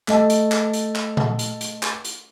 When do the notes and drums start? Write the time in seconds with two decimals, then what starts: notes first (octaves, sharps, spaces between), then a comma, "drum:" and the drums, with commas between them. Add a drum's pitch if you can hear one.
0.08 A3 D#5 A5, drum: clap
0.30 drum: hi-hat
0.52 drum: clap
0.73 drum: hi-hat
0.95 drum: clap
1.17 drum: tom A#2
1.39 drum: hi-hat
1.61 drum: hi-hat
1.83 drum: clap
2.04 drum: hi-hat